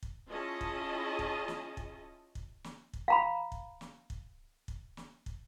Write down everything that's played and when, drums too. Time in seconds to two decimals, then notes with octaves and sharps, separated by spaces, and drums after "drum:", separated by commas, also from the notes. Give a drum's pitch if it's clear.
0.03 drum: kick
0.29 C#4 E4 F4 G#4 D#5 A5
0.61 drum: kick
1.19 drum: kick
1.48 drum: snare
1.77 drum: kick
2.35 drum: kick
2.64 drum: snare
2.93 drum: kick
3.08 F5 A#5 B5
3.52 drum: kick
3.81 drum: snare
4.10 drum: kick
4.68 drum: kick
4.97 drum: snare
5.26 drum: kick